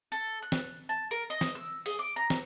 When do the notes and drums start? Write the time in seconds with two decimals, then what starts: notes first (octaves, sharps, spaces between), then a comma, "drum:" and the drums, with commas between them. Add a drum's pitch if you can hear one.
0.12 A4
0.42 F#6
0.52 drum: snare
0.89 A5
1.11 A#4
1.30 D#5
1.41 drum: snare
1.55 E6
1.86 G#4, drum: open hi-hat
1.99 D6
2.16 A#5
2.30 drum: snare